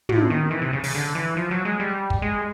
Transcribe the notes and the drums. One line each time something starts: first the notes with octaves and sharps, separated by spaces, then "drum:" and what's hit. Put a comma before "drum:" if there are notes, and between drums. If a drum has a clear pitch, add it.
A2, drum: tom
D#3
E3
C3
C#3
C#3, drum: open hi-hat
D3
E3
F3
F#3
G#3
G3
drum: kick
G#3